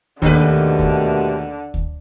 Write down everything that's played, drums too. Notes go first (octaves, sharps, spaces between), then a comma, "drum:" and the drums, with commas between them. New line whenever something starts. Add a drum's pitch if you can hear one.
D#2 B2 D3 D#3 A3 D4 G4 B4, drum: kick D2
drum: kick D2
drum: kick D2